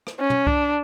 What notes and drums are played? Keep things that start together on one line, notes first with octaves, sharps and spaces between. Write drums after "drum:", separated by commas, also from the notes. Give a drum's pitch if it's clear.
drum: rim click
C#4
drum: tom
D4, drum: kick C2